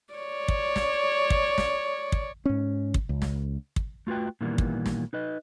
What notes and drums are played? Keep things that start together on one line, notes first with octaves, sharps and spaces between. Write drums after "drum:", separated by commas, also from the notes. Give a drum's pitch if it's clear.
C#5 D5
drum: kick
drum: snare
drum: kick
drum: snare
drum: kick
G#2 C#4
drum: kick
C#2
drum: snare
drum: kick
A3 F4 F#4 B4 G5
A#2 D#3 E3 G3 A#3 B3
drum: kick
drum: snare
D#4 B4 D#5